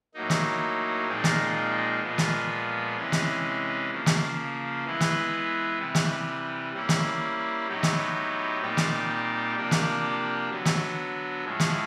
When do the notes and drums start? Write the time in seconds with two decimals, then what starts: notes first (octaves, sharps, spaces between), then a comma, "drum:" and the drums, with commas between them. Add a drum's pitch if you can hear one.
0.14 A2 F#3 A#3 D#4
0.30 drum: snare
1.08 A#2 F3 G#3 C4 D#4
1.24 drum: snare
2.02 A#2 F3 G#3 B3
2.18 drum: snare
2.96 C3 E3 G#3 C#4
3.12 drum: snare
3.91 C#3 F3 A#3
4.06 drum: snare
4.85 E3 G#3 B3 E4
5.00 drum: snare
5.79 C3 E3 G3
5.95 drum: snare
6.74 G3 A#3 C#4 E4
6.89 drum: snare
7.68 A2 F#3 B3 D#4 G4
7.83 drum: snare
8.61 A#2 G3 C4 D#4 G4
8.77 drum: snare
9.56 C3 F3 A#3 D4 G4
9.71 drum: snare
10.50 D3 F#3 B3
10.65 drum: snare
11.45 A2 F3 G#3
11.60 drum: snare